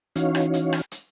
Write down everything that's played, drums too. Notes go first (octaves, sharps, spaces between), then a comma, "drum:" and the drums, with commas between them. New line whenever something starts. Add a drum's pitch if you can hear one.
E3 C#4 D#4 F#4 C#5 F5, drum: hi-hat
drum: rim click
drum: hi-hat
drum: rim click
drum: hi-hat